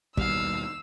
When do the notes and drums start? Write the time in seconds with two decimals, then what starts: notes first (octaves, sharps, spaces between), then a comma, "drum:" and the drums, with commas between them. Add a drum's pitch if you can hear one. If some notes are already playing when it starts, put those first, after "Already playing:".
0.17 D#2 B2 G3 F5 E6, drum: kick